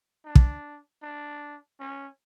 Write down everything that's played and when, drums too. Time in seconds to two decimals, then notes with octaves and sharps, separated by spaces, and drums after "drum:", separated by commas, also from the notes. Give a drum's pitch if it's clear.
0.26 D4
0.35 drum: kick
1.02 D4
1.80 C#4